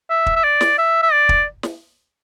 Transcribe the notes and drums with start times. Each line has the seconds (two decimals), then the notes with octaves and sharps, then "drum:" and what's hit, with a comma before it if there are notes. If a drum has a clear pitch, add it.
0.10 E5
0.26 drum: kick
0.36 E5
0.44 D5
0.61 drum: snare
0.78 E5
1.03 E5
1.13 D5
1.29 drum: kick
1.63 drum: snare